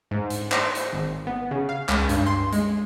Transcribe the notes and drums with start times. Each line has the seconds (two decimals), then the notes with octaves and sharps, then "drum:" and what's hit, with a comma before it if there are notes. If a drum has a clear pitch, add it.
0.11 G#2
0.30 drum: hi-hat
0.52 C5, drum: clap
0.75 drum: hi-hat
0.93 G#1
1.27 B3
1.51 C#3
1.69 F5
1.89 C#2, drum: clap
2.09 G2, drum: hi-hat
2.26 C6
2.53 G#3, drum: hi-hat